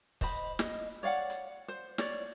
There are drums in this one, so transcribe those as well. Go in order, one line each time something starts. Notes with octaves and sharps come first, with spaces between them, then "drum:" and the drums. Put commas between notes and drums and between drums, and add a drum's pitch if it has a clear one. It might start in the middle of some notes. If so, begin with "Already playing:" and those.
C5 D#5 B5, drum: kick, open hi-hat
D#5, drum: snare
C#5 D5 F5 F#5
drum: hi-hat
C5
C#5 D5, drum: snare